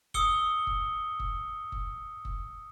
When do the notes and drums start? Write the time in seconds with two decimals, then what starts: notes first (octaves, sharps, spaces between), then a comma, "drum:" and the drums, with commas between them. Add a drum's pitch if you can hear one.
0.14 D#6 E6 C#7 G7, drum: kick F#1
0.67 drum: kick F#1
1.20 drum: kick F#1
1.72 drum: kick F#1
2.25 drum: kick F#1